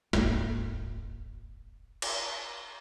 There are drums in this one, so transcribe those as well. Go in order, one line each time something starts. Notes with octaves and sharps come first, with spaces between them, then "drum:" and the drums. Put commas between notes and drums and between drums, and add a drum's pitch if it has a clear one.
D#1 G#1 C#2 A#3, drum: snare
drum: cymbal